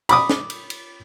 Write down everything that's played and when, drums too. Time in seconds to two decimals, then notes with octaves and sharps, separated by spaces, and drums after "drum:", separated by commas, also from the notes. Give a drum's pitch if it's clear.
0.09 B5 D6 D#6, drum: cymbal
0.29 drum: snare
0.50 drum: cymbal
0.70 drum: cymbal